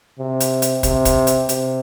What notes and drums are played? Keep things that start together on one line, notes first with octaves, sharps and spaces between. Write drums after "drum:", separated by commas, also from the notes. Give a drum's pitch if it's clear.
C3
drum: hi-hat
drum: hi-hat
C3, drum: kick, hi-hat
drum: kick, hi-hat
drum: hi-hat
C3, drum: hi-hat